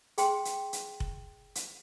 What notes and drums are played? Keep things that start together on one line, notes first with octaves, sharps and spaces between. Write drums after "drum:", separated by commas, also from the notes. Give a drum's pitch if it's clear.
G#4 G5 C6, drum: hi-hat
drum: hi-hat
drum: hi-hat
drum: kick F1
drum: hi-hat